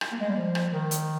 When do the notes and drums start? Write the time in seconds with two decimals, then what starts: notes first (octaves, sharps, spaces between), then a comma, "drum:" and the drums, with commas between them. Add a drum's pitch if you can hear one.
0.01 drum: rim click
0.12 A#3
0.20 G#3
0.29 G3
0.37 F3
0.55 drum: rim click
0.73 D#3
0.91 drum: hi-hat